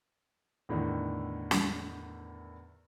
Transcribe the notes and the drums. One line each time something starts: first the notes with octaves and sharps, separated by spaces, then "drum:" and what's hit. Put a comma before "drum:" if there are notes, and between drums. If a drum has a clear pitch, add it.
E2 A2 D3 D#3
drum: snare